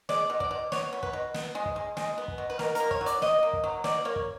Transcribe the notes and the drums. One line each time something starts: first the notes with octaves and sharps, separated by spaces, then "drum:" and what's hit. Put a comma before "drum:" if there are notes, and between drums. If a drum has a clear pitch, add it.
G#3 D5, drum: snare
B2
D5, drum: kick
B2
B3 C#5, drum: snare
B3
B4, drum: kick
B2
B3, drum: snare
G#3
drum: kick
G#3
G#3, drum: snare
B3
drum: kick
B2
B4
B2 A#4, drum: snare
A#3 A#4, drum: hi-hat
C#5, drum: kick
F#3
D5, drum: hi-hat
B2 D#5, drum: snare
A#3
drum: kick
F#3
B2 D5, drum: snare
A#3 C#5
drum: kick